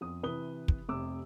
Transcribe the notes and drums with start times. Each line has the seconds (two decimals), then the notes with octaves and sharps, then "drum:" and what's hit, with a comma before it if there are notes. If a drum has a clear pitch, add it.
0.01 F2 D#6
0.23 C3 E3 B4 D#6 G7
0.68 drum: kick
0.89 F1 C3 D6 E6